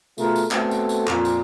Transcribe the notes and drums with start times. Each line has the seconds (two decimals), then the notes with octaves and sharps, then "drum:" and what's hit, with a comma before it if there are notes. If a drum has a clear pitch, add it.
0.18 B2 A3 F4 G#4 A#4, drum: tambourine
0.36 drum: tambourine
0.51 A3 B3 C4 F#4 A4, drum: clap
0.71 drum: tambourine
0.89 drum: tambourine
1.07 F2 A#2, drum: clap
1.25 drum: tambourine